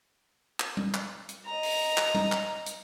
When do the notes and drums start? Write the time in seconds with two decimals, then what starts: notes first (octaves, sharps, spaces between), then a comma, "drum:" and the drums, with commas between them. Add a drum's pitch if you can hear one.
0.60 drum: clap
0.77 drum: tom
0.94 drum: clap
1.29 drum: hi-hat
1.46 D#5 A#5
1.63 drum: open hi-hat
1.97 drum: clap
2.15 drum: tom
2.32 drum: clap
2.66 drum: hi-hat